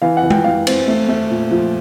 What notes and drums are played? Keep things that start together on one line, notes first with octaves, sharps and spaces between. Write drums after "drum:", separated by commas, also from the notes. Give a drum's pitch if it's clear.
E3 F5
F#5
E3
G5, drum: tom G#3
E3 F5
C4, drum: cymbal
A3
A3
A#2
F3